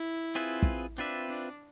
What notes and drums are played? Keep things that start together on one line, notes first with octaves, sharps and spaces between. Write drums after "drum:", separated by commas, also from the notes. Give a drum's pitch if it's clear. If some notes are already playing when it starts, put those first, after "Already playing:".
Already playing: E4
C4 F4 G#4 B4 E5
drum: kick
C4 D4 F4 B4 E5
D4